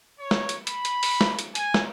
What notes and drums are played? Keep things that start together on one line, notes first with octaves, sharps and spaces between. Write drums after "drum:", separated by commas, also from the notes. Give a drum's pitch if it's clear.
C#5
drum: snare
drum: hi-hat
B5, drum: hi-hat
drum: hi-hat
drum: open hi-hat
drum: snare
drum: hi-hat
G#5, drum: hi-hat
drum: snare